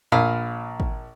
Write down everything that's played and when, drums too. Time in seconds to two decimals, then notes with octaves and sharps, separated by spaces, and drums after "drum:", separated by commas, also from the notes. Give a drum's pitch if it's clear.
0.12 A#1 A#2 F5 B5 D#6
0.80 drum: kick